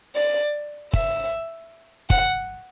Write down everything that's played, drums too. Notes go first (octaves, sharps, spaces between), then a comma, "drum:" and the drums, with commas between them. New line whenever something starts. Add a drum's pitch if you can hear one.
D5
E5, drum: kick
F#5, drum: kick